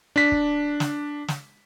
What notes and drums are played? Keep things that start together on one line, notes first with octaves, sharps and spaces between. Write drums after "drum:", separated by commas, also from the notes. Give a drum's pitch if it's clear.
D4 B6
drum: kick
drum: snare
drum: snare